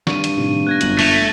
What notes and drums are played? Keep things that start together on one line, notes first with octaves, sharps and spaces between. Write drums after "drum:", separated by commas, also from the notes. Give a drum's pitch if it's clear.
G2 C#6 D#7, drum: snare
drum: hi-hat
A2 C3 D#3
B3 F#6 G#6 A#6
G1 F#2 F#3 F#7, drum: hi-hat
A3 C#6 D#7 F7, drum: open hi-hat